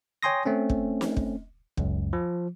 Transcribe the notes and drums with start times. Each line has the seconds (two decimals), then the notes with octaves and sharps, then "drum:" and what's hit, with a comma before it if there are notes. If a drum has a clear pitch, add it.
0.23 C#5 G5 G#5 C6 D#6 A#6
0.46 A3 C4 C#4
0.70 drum: kick
1.01 drum: snare
1.17 drum: kick
1.77 C#2 F#2, drum: kick
2.13 F3